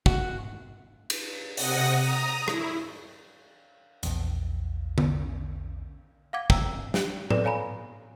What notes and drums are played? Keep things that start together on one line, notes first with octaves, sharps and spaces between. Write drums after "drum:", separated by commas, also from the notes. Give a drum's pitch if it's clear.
F#4, drum: kick
drum: cymbal
C3 F#5 D#6 A#6, drum: open hi-hat
A#5 D#6
E4, drum: rim click
A#1 E2, drum: hi-hat
drum: tom D3
F5 F#5 D6 G#6
G5 A#5 E6, drum: kick
drum: snare
A4 B4 D5, drum: tom A2
C#5 F5 G#5 A#5 B5